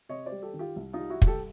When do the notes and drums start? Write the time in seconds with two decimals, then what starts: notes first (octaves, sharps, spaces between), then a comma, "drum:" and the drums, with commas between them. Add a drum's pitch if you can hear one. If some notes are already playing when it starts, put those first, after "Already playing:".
0.09 C3 C#5 D#5
0.26 C5 D5
0.32 G3
0.42 G4 A4
0.54 D#3
0.59 F4 G4
0.76 C2
0.93 D#4 F4
0.99 G3
1.10 E4 F#4
1.22 C2, drum: kick
1.27 G4 A4